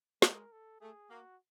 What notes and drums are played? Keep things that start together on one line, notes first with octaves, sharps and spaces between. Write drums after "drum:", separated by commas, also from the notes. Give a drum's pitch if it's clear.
G#3 A#4, drum: snare
A4
A3 G#4
A#3 F#4